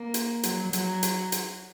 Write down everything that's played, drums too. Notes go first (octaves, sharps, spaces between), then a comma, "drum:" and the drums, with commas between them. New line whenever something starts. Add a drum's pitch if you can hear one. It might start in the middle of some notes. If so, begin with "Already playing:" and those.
Already playing: A#3
drum: hi-hat
F#3, drum: hi-hat
F#3, drum: hi-hat
drum: hi-hat
drum: hi-hat